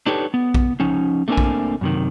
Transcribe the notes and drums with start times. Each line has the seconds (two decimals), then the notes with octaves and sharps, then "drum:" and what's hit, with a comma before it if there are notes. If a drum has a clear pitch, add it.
0.06 D4 D#4 G4 A4 B4 C#5
0.34 B3
0.54 drum: kick A#1
0.80 F3 C#4 D#4
1.28 A3 A#3 C4 D4 A#4 G#5
1.37 drum: kick A#1
1.81 F#2 C3 D#3